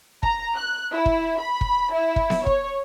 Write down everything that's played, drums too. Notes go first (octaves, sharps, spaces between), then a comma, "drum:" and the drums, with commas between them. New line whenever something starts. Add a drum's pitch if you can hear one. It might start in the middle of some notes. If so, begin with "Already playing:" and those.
A#5, drum: kick
F#6
E4
drum: kick
B5
drum: kick
E4
drum: kick
drum: snare B3
C#5, drum: kick